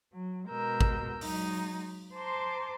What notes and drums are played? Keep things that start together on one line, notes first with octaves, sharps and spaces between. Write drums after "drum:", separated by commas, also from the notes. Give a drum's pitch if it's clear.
F#3
B2 G#3 A#4 E6 G6
drum: kick G#1
F#3 G#3 D#4, drum: open hi-hat
C5 A5 A#5 C6 D6